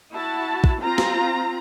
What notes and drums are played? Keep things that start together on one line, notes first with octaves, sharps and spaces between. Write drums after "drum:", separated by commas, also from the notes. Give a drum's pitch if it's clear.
E4 F#4 A5
drum: kick
C4 F4 A#5
drum: snare